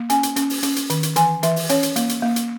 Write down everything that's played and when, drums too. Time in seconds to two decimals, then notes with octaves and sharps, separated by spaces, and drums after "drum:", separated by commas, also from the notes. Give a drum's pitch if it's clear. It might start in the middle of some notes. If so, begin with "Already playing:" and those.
Already playing: A#3
0.10 C#4 G#5, drum: hi-hat
0.23 drum: hi-hat
0.36 C#4, drum: hi-hat
0.50 drum: open hi-hat
0.63 C#4, drum: hi-hat
0.76 drum: hi-hat
0.90 D#3, drum: hi-hat
1.03 drum: hi-hat
1.16 E3 G#5, drum: hi-hat
1.43 E3 E5, drum: hi-hat
1.56 drum: open hi-hat
1.69 C#4 C#5, drum: hi-hat
1.83 drum: hi-hat
1.96 A#3, drum: hi-hat
2.09 drum: hi-hat
2.23 A#3
2.36 drum: hi-hat